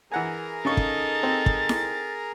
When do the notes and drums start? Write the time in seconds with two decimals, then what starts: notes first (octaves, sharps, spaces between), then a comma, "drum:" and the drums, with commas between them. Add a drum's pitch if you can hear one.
0.12 E3 G#4 A#4 F#5 G#5 A#5
0.65 C#3 D#4 A4 C#6 A6
0.77 drum: kick
1.23 C4
1.46 drum: kick
1.69 drum: snare E4